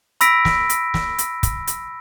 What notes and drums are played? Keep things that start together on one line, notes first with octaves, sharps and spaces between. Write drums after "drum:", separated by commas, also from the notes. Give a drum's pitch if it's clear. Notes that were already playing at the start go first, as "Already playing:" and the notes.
B5 E6 A#6 B6 D7, drum: hi-hat
drum: snare
drum: hi-hat
drum: snare
drum: hi-hat
drum: kick, hi-hat
drum: hi-hat